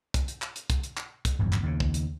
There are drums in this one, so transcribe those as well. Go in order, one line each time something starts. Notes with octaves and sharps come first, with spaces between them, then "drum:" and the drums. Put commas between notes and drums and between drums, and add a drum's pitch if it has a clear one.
drum: kick, hi-hat
drum: hi-hat
drum: clap
drum: hi-hat
drum: kick, hi-hat
drum: hi-hat
drum: clap
drum: kick, hi-hat
D1 G1 F2 G#2
drum: clap
D#2 C#3
drum: kick
drum: hi-hat